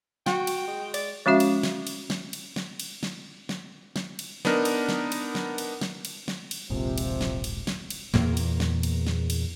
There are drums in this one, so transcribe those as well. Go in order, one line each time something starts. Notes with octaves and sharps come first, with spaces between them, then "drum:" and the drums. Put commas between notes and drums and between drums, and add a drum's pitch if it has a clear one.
F#4 G5, drum: snare
drum: cymbal
G#3
D5, drum: cymbal
F3 G#3 C#4 F#4 E5
drum: cymbal
drum: snare
drum: cymbal
drum: snare
drum: cymbal
drum: snare
drum: cymbal
drum: snare
drum: snare
drum: snare
drum: cymbal
B3 D4 D#4 A#4, drum: snare
drum: cymbal
drum: snare
drum: cymbal
drum: snare
drum: cymbal
drum: snare
drum: cymbal
drum: snare
drum: cymbal
D#1 A#1 G#2 C3 F3
drum: cymbal
drum: snare
drum: cymbal
drum: snare
drum: cymbal
E2 A#2 A#3, drum: snare
drum: cymbal
drum: snare
drum: cymbal
drum: snare
drum: cymbal